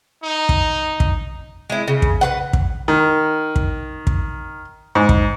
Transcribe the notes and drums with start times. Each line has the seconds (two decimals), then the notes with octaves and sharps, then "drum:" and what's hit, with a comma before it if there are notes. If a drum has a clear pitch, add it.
0.23 D#4
0.49 drum: kick
1.00 drum: kick
1.70 G#3 E4
1.88 C#3
2.02 drum: kick
2.21 B4 C5 F#5
2.53 drum: kick
2.88 D#3
3.56 drum: kick
4.07 drum: kick
4.95 G#2
5.09 drum: kick